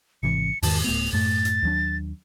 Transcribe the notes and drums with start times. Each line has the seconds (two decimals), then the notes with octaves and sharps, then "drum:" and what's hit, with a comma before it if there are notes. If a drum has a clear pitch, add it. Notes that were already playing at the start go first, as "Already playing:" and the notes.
0.23 G#1 C3 E3 C#7
0.62 E2 G#2 D#3 A5, drum: open hi-hat
0.84 D1 A3 B3 F7
1.13 F#2 A2 A3 A6
1.45 drum: hi-hat
1.63 D#2 F#3 D4